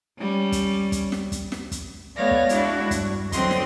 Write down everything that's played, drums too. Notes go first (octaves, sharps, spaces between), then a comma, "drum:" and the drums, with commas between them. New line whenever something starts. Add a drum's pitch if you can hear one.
G3 C#4
drum: kick, hi-hat
drum: kick, hi-hat
drum: snare
drum: kick, hi-hat
drum: snare
drum: kick, hi-hat
A3 B3 C#5 D5 F5 A#6
drum: kick
G#3 D4 E4 F#4, drum: hi-hat
G2, drum: kick, hi-hat
D3 F#3 C4 F#4 D#5 C6, drum: kick, hi-hat
drum: snare